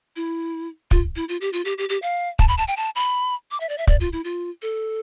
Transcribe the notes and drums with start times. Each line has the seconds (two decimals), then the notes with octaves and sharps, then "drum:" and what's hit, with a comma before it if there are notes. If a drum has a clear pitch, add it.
0.16 E4
0.91 F4, drum: kick
1.16 E4
1.29 F4
1.41 G4
1.53 F4
1.65 G4
1.78 G4
1.89 G4
2.02 F5
2.39 A5, drum: kick
2.48 B5
2.58 A5
2.68 G5
2.77 A5
2.96 B5
3.51 D6
3.60 E5
3.69 D5
3.78 E5
3.87 D5, drum: kick
4.00 F4
4.13 E4
4.24 F4
4.62 A4